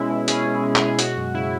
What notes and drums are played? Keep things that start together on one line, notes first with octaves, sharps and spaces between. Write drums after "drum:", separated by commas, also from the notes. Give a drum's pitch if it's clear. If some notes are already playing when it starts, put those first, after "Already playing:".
Already playing: B2 G#3 C#4 E4
B2
C#4 G#4, drum: hi-hat
B2
G#3
G#4, drum: clap
B2
G#3 F#4, drum: hi-hat
F#2
C#3 E4